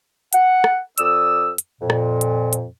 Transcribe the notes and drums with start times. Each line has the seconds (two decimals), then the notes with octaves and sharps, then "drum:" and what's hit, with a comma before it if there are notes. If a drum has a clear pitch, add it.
0.33 F#5, drum: hi-hat
0.64 drum: rim click
0.98 F2 D5 D#6 E6, drum: hi-hat
1.58 drum: hi-hat
1.80 F2 A#2
1.90 drum: rim click
2.21 drum: hi-hat
2.53 drum: hi-hat